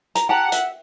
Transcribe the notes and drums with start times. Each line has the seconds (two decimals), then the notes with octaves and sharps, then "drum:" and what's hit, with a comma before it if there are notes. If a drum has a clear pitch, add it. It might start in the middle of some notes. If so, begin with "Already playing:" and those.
0.15 A#5, drum: hi-hat
0.29 G4 F#5 A5 A#5
0.52 E5, drum: hi-hat